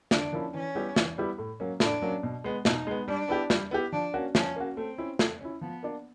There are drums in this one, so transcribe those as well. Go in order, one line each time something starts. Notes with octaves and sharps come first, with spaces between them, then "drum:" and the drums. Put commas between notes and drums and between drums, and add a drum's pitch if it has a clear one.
D3 D4, drum: snare
F3 A#3 C#4 E4
E3 C#4
G3 B3 E4 G4
E3, drum: snare
G3 B3 E4 G4
A2
F#3 A#3 C#4
A2 D4, drum: snare
F#3 A#3 C#4
B2
G#3 B3
B2 D#4, drum: snare
G#3 B3
G3 D4
B3 E4 G4
G3, drum: snare
B3 E4 G4
F3 D4
A#3 C#4 F#4
F3 C#4, drum: snare
A#3 C#4 F#4
A3 C4
C#4 E4
A3, drum: snare
C#4 E4
F3 B3
A#3 D4